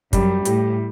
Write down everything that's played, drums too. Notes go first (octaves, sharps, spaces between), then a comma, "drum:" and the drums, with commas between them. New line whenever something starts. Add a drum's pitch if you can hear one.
F#2 G3, drum: kick, hi-hat
A2 G4, drum: hi-hat